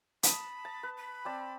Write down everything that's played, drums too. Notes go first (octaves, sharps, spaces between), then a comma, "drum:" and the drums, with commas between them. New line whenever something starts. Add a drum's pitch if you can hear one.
A5 B5 D#6, drum: hi-hat
A5
B4
B5
C4 D5 A5